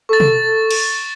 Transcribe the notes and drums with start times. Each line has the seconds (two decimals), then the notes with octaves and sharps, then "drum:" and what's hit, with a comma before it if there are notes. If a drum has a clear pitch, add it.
0.09 A4 C#6 A6
0.20 drum: tom
0.71 drum: cymbal